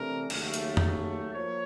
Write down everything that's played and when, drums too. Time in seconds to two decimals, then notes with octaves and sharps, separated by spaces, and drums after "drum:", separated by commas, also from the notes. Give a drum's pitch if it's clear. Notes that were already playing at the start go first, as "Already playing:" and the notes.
Already playing: C3 E3 A3 D4 A#4
0.30 D#2 C#3 F#3 A3, drum: cymbal
0.54 drum: hi-hat
0.77 drum: tom
1.34 F3 A#3 C#5